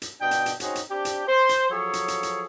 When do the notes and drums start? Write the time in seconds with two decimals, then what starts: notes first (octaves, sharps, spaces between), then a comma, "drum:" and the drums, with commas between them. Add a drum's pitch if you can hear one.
0.02 drum: hi-hat
0.21 B2 D4 D#5 G5
0.31 drum: hi-hat
0.46 drum: hi-hat
0.60 C4 C#4 D#4 F#4 G#4, drum: hi-hat
0.75 drum: hi-hat
0.90 C4 D4 G4
1.05 drum: hi-hat
1.27 C5
1.49 drum: hi-hat
1.70 F3 F#3 G#4 A4 C#5
1.93 drum: hi-hat
2.08 drum: hi-hat
2.23 drum: hi-hat